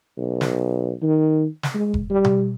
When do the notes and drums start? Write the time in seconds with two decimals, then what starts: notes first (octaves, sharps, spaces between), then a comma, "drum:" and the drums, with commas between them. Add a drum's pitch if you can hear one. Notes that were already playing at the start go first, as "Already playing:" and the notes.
0.18 B1
0.41 drum: snare
1.02 D#3
1.63 drum: snare
1.74 G#3
1.94 drum: kick F1
2.10 G3
2.24 drum: tom B2